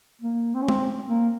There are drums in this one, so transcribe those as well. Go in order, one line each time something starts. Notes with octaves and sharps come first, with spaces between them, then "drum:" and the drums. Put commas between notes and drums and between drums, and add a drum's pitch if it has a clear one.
A#3
C4
C#4
C4, drum: tom G#3
A#3